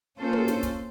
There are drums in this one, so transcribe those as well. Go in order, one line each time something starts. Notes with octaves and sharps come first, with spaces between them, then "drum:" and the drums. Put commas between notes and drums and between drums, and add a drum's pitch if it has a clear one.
A#3 C#4 F4 A4 C5
drum: tom
drum: hi-hat
drum: kick, hi-hat